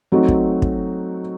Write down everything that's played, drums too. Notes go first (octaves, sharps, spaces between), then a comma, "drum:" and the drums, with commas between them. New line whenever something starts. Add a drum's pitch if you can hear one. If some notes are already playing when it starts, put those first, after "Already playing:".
F#3 A3 C4 D#4 F#4
drum: kick
drum: kick